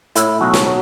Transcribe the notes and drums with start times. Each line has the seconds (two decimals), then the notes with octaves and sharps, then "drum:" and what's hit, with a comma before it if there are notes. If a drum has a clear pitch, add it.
0.16 A2 E4, drum: hi-hat
0.41 B1 F#4
0.54 drum: snare
0.66 F#3